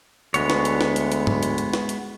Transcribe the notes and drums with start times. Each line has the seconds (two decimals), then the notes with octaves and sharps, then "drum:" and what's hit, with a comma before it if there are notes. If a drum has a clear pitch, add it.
0.34 D2 G#3 B3 C#5, drum: hi-hat
0.50 drum: snare
0.65 drum: hi-hat
0.81 drum: snare
0.96 drum: hi-hat
1.12 drum: hi-hat
1.27 drum: tom G#2
1.43 drum: hi-hat
1.58 drum: hi-hat
1.74 drum: snare
1.89 drum: hi-hat